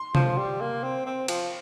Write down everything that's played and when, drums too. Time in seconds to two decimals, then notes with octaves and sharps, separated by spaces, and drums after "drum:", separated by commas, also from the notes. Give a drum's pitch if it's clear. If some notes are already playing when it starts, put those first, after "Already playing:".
Already playing: C6
0.15 F3, drum: tom C3
0.37 G3
0.60 A#3
0.83 C4
1.06 C4
1.28 F3, drum: cymbal